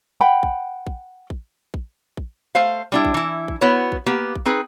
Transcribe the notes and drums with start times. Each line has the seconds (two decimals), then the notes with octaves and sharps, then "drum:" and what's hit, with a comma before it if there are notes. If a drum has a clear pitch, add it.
0.21 F#5 G5 B5
0.43 drum: kick
0.87 drum: kick
1.30 drum: kick
1.74 drum: kick
2.17 drum: kick
2.55 A3 C5 F5
2.92 G3 D4 E4
3.05 drum: kick
3.14 E3 E4
3.48 drum: kick
3.61 B3 E4 F#4 C#5
3.92 drum: kick
4.06 A#3 B3 G4
4.36 drum: kick
4.45 C4 D#4 G#4 B4